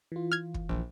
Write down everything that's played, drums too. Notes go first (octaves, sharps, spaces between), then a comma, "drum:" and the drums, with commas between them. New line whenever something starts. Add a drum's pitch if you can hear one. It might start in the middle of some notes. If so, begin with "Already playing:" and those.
E3 F4
F6 G#6
drum: kick
A#1